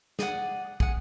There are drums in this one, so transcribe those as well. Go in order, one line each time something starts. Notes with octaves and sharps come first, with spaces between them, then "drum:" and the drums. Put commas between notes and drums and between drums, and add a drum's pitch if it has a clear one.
G#4 D5 F#5, drum: snare
G#4 F#5, drum: kick